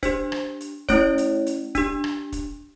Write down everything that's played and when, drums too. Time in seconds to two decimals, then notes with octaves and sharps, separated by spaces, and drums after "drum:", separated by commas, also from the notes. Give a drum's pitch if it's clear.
0.03 D4 G4 C5, drum: kick, hi-hat
0.32 drum: rim click
0.60 drum: hi-hat
0.89 A3 C#4 E4 C#5, drum: kick, hi-hat
1.18 drum: hi-hat
1.46 drum: hi-hat
1.75 D4 G4, drum: kick, hi-hat
2.04 drum: rim click
2.32 drum: kick, hi-hat